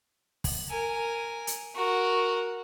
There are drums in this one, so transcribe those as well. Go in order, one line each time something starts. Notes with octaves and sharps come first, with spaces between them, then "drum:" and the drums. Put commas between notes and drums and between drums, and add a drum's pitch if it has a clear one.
drum: kick, open hi-hat
A#4 G#5
drum: hi-hat
F#4 A#4